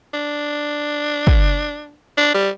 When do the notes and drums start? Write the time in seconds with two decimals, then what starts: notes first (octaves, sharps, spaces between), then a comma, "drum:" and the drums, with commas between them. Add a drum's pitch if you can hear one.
0.14 D4
1.27 drum: kick
2.18 D4
2.34 G3